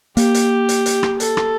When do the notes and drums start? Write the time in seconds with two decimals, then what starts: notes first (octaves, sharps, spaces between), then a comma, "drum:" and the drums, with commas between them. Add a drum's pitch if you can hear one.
0.17 A#3 G4, drum: hi-hat
0.34 drum: hi-hat
0.69 drum: hi-hat
0.86 drum: hi-hat
1.03 drum: rim click
1.20 A4, drum: hi-hat
1.37 drum: rim click